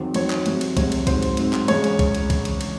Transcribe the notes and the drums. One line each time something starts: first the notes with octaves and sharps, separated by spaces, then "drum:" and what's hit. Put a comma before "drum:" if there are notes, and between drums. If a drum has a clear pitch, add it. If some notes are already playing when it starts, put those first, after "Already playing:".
Already playing: E2 D#3 F#3 C4
E2 D#3 F#3 C4 C#5, drum: cymbal
drum: clap
E2 C3 F#3 C4, drum: cymbal
drum: cymbal
E2 C3 F#3 C4 C#5, drum: kick, cymbal
drum: cymbal
G#2 F#3 C4 C5, drum: kick, cymbal
drum: cymbal
G#2 F#3 C4, drum: cymbal
drum: clap
E2 C#3 G#3 C#4 C#5, drum: cymbal
drum: cymbal
drum: kick, cymbal
drum: cymbal
drum: kick, cymbal
drum: cymbal
drum: cymbal